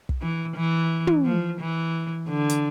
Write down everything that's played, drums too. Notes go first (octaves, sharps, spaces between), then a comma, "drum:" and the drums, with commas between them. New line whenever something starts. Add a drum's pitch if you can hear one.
drum: kick
E3
E3
drum: tom
F3
E3
D3
drum: hi-hat